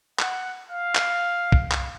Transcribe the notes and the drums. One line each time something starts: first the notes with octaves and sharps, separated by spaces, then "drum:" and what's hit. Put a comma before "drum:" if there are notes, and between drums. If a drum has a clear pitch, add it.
F#5, drum: clap
F5
drum: clap
drum: kick B1
drum: clap